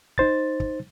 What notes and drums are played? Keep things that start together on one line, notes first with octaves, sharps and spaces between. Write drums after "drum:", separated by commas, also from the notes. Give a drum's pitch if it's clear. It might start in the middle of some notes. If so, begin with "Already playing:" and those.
D#4 C5 A6, drum: kick
drum: kick